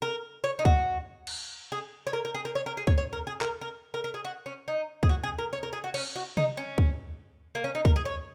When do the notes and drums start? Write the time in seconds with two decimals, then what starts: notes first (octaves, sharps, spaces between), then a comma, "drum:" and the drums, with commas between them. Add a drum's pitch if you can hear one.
0.02 A#4
0.44 C#5
0.59 D#4
0.65 F#4, drum: kick C#2
1.27 drum: cymbal
1.72 G#4
2.07 C#5
2.13 A#4
2.25 A#4
2.35 G#4
2.45 A#4
2.55 C#5
2.66 A#4
2.77 G#4
2.87 C#5, drum: kick C#2
2.98 C#5
3.13 A#4
3.27 G#4
3.41 A#4, drum: clap
3.61 A#4
3.94 A#4
4.04 A#4
4.14 G#4
4.25 F#4
4.46 C#4
4.68 D#4
5.03 G#4, drum: kick C#2
5.09 F#4
5.24 G#4
5.39 A#4
5.53 C#5
5.63 A#4
5.73 G#4
5.84 F#4
5.94 C#4, drum: cymbal
6.16 F#4
6.37 D#4, drum: tom C3
6.57 C#4
6.78 drum: kick C#2
7.55 A#3
7.64 C#4
7.75 D#4
7.85 A#4, drum: kick C#2
7.96 G#4
8.05 C#5